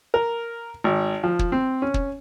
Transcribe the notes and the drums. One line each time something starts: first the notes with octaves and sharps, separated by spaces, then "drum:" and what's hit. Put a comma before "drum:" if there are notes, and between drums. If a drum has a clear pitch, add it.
A#4
G#1
F3
drum: kick
C4
C#4
drum: kick